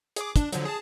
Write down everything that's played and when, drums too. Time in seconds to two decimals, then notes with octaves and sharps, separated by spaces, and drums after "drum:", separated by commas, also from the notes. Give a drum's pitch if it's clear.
0.16 G#4 D6, drum: hi-hat
0.36 D4, drum: kick, hi-hat
0.52 D3 F3 F#3, drum: hi-hat
0.65 G#4 A5